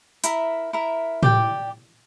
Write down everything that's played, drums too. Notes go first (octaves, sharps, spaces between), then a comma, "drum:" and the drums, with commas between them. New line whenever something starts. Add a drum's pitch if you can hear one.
E4 A#4 E5, drum: hi-hat
E4 A#4 E5
G4 D5 G5, drum: tom A2